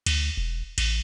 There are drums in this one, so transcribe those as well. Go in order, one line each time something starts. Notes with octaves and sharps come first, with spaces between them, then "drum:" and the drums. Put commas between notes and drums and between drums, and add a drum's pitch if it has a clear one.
D2, drum: cymbal
E1
A1, drum: cymbal